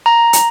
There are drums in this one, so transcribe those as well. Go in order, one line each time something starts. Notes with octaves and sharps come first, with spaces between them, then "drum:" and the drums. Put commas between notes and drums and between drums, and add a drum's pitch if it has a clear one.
A#5
drum: hi-hat